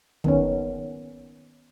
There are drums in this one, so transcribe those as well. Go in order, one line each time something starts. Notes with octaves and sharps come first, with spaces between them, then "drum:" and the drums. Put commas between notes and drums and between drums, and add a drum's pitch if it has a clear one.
D#3 B3 C#4, drum: kick